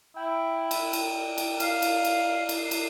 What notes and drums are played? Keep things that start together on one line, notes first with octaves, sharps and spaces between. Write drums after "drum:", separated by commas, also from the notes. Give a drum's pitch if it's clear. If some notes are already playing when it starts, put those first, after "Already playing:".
E4 G5
drum: cymbal
drum: cymbal
drum: cymbal
F5 C7, drum: cymbal
drum: cymbal
drum: cymbal
drum: cymbal
drum: cymbal